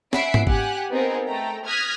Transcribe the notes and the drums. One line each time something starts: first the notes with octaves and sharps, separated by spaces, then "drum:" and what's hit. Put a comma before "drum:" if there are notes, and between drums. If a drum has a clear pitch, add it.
C#4 E5 F#5 B5 C7 D7, drum: snare
drum: tom G#2
G4 F#5 G#5 F#6, drum: kick G1
B3 C4 D#4 G#4 A#4
A3 G5 A#5
D#6 F6 F#6 G#6 A#6 B6